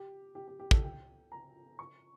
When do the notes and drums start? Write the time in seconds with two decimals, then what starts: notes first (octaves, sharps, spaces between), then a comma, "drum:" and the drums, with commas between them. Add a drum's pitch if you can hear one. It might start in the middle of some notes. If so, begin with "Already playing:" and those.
Already playing: G4
0.35 G4
0.48 G4
0.60 G4
0.71 A4, drum: kick
0.84 G5
1.32 A#5
1.79 C#6